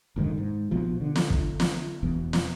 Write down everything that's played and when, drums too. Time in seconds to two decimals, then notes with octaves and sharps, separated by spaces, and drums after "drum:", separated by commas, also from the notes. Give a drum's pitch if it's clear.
0.16 F1 G#2 D3 D#3
0.38 G#2
0.71 A#1 B2 F3
1.01 D3
1.16 drum: snare
1.30 drum: kick
1.60 drum: snare
2.03 E1 E2 B2
2.33 drum: snare